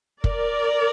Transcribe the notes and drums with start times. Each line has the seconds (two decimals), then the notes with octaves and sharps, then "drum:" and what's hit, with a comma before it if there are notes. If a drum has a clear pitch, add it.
0.24 A#4 D5, drum: kick